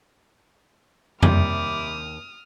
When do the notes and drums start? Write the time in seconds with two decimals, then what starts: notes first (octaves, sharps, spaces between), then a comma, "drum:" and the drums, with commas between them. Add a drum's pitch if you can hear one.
1.23 D#2 C3 G3 E5 B5 D6 D#6 F6, drum: tom F2